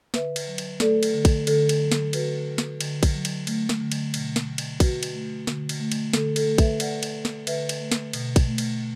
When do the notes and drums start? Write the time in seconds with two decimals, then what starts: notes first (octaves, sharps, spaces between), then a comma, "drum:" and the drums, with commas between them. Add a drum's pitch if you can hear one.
0.14 D3 B4 E5, drum: snare
0.36 drum: cymbal
0.47 F#3
0.58 drum: cymbal
0.80 A3 A4 D5, drum: snare
1.03 drum: cymbal
1.14 D3
1.25 drum: kick, cymbal
1.47 D3 A4, drum: cymbal
1.69 drum: cymbal
1.81 F#3
1.92 drum: snare
2.13 A3 F#4 B4, drum: cymbal
2.47 D3
2.58 drum: snare
2.81 D3, drum: cymbal
3.03 drum: kick, cymbal
3.14 F#3
3.25 drum: cymbal
3.47 A3, drum: cymbal
3.69 drum: snare
3.81 D3
3.92 drum: cymbal
4.14 B2, drum: cymbal
4.36 drum: snare
4.47 A3
4.58 drum: cymbal
4.80 B2 F#4 B4, drum: kick, cymbal
5.03 drum: cymbal
5.14 A3
5.47 D3, drum: snare
5.69 drum: cymbal
5.80 A3
5.92 drum: cymbal
6.13 D3 A4, drum: snare
6.36 A4, drum: cymbal
6.47 A3
6.58 B4 E5, drum: kick, cymbal
6.80 D3 D5 F#5, drum: cymbal
7.03 drum: cymbal
7.14 A3
7.25 drum: snare
7.47 D3 B4 E5, drum: cymbal
7.69 drum: cymbal
7.81 A3
7.92 drum: snare
8.13 B2, drum: cymbal
8.36 drum: kick, cymbal
8.48 A3
8.58 drum: cymbal